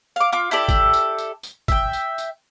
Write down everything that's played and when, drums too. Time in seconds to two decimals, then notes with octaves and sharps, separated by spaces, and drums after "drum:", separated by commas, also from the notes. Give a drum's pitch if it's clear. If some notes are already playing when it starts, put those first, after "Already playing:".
0.16 F5 D6
0.33 F4 D6
0.51 E4 G4 A4 D5
0.69 drum: kick, tambourine
0.93 drum: tambourine
1.18 drum: tambourine
1.43 drum: tambourine
1.68 E5 G5, drum: kick, tambourine
1.93 drum: tambourine
2.18 drum: tambourine